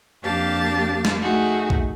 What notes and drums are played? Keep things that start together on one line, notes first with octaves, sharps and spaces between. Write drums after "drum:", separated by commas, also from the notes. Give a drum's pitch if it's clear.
F2 A#3 D4 G4 F5 A5
drum: snare
A3 D#4 F#4 G#4
drum: kick A#1